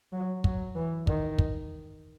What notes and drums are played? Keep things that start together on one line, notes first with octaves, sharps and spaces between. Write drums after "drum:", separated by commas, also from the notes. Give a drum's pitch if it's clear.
F#3
F#3, drum: kick
E3
D#3, drum: kick
drum: kick